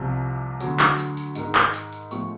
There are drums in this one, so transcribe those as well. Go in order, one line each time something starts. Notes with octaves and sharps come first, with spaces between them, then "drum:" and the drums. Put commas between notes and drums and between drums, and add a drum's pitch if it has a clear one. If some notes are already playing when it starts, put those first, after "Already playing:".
Already playing: C2 C3 F3
D2 D3 F#3, drum: tambourine
drum: clap
drum: tambourine
drum: tambourine
G#2 D#3 G#3, drum: tambourine
drum: clap
drum: tambourine
drum: tambourine
A2 F3 G#3 C#6, drum: tambourine